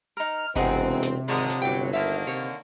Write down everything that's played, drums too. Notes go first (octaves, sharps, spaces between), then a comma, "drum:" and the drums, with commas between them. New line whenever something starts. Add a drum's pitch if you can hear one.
D#4 A#4 F6
E1 C3 C4 D#4 G#4 F#5, drum: kick G1, open hi-hat
drum: open hi-hat
drum: snare
G#1 D3 F3 G#3 A#4 C#5 D5, drum: hi-hat
drum: snare
G1 A2 F#3 G5 D6
drum: hi-hat
D3 D#3 A#3 E5 F5
C3 C#5
drum: open hi-hat